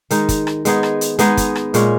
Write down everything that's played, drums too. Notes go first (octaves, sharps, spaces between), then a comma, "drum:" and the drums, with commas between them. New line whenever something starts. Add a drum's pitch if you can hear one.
D#3 G#3 D#4, drum: hi-hat
drum: kick, hi-hat
drum: rim click
G#3 B3 D#4 G#4, drum: hi-hat
drum: rim click
drum: hi-hat
G#3 B3 D#4 G#4, drum: hi-hat
drum: kick, hi-hat
drum: rim click
A#2 G#3 C#4, drum: hi-hat